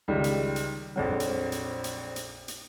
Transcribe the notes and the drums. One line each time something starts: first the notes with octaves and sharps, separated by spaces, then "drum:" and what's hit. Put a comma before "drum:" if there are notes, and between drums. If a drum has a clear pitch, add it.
C#2 D#3 G3
drum: hi-hat
drum: hi-hat
A#1 F2 F#3
drum: hi-hat
drum: hi-hat
drum: hi-hat
drum: hi-hat
drum: hi-hat